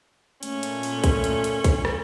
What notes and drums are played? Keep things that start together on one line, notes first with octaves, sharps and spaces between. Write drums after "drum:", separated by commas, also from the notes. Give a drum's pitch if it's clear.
A#2 A3 C#4, drum: hi-hat
drum: hi-hat
drum: open hi-hat
drum: kick, hi-hat
drum: hi-hat
drum: hi-hat
drum: kick, hi-hat
drum: rim click